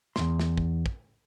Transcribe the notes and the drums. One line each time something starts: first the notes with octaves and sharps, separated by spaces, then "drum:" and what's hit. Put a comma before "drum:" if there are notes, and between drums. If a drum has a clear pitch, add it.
E2 G#2 C6, drum: snare
drum: snare
drum: kick
drum: kick